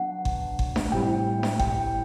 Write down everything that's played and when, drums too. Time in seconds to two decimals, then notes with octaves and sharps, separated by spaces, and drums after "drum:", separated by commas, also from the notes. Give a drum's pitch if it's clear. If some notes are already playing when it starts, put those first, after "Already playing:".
Already playing: F#3 B3 D4 F#5
0.25 drum: kick G1
0.59 drum: kick G1
0.76 drum: snare D4
0.92 A2 G3 C4 E4 G4 G5
1.43 drum: snare D4
1.60 G5, drum: kick G1